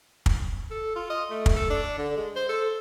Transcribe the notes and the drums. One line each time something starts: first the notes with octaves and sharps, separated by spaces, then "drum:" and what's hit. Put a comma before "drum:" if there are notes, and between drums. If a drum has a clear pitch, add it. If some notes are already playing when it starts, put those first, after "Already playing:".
drum: kick
A4
F4
D#5
A3
drum: kick
A4
D4
D3
G#3
C5
A4